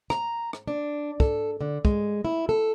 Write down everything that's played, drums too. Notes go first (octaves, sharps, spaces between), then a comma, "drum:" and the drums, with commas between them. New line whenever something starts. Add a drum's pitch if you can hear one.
A#5, drum: rim click
drum: rim click
D4
A4, drum: kick
D3
G#3, drum: kick
E4
A4